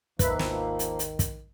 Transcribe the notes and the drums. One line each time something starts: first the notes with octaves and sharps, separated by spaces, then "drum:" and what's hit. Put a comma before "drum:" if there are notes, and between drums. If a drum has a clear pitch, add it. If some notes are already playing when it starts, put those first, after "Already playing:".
G#1 D#2 D#3 F3 A#3 B4 E5, drum: kick, hi-hat
drum: snare
drum: hi-hat
drum: hi-hat
drum: kick, hi-hat